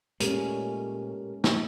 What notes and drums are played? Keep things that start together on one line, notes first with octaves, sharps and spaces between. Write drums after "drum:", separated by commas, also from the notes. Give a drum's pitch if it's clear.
A#2 G#3 A3 C#4 G4 A4 A#4, drum: hi-hat
drum: snare